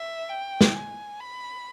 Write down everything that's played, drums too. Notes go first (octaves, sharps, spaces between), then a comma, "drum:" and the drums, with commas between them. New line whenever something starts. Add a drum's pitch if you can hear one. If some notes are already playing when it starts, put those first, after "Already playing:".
Already playing: E5
G5
drum: snare
G#5
B5